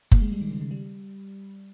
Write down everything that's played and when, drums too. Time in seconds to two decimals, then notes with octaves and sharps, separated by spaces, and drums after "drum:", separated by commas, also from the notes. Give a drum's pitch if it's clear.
0.12 A#3, drum: kick F#1
0.21 G#3
0.32 G3
0.41 D#3
0.51 C#3
0.61 C#3
0.71 G3